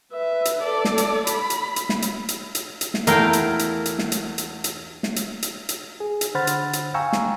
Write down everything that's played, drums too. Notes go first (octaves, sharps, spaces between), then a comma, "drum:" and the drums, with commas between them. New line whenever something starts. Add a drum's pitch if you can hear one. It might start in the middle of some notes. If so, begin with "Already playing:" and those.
B4 E5
drum: hi-hat
A4 D5
drum: snare
drum: hi-hat
B5, drum: hi-hat
drum: hi-hat
drum: hi-hat
drum: snare
drum: hi-hat
drum: hi-hat
drum: hi-hat
drum: hi-hat
drum: snare
E2 A3 E4 A#4 F5 G5, drum: hi-hat
drum: hi-hat
drum: hi-hat
drum: hi-hat
drum: snare
drum: hi-hat
drum: hi-hat
drum: hi-hat
drum: snare
drum: hi-hat
drum: hi-hat
drum: hi-hat
G#4
drum: hi-hat
D3 C5 F#5 B5 F6 A6
drum: hi-hat
drum: hi-hat
F5 G5 G#5 A#5 C#6 E6
drum: snare